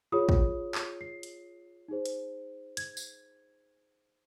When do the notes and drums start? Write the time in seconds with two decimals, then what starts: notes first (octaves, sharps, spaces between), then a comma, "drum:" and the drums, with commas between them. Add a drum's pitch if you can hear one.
0.12 F4 G#4 C#5 D#6
0.29 drum: kick
0.75 drum: clap
1.01 C7
1.23 drum: hi-hat
1.88 D#4 G#4 C5
2.06 drum: hi-hat
2.77 G#6, drum: hi-hat
2.97 drum: tambourine